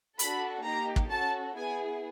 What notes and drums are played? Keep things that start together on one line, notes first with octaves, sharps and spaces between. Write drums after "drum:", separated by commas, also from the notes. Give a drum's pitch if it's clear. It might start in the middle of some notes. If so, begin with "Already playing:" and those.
D4 F#4 A4 B5, drum: hi-hat
A#3 D#4 G4 A#5
drum: kick
C#4 F#4 A4 A5
B3 E4 G#4 G#5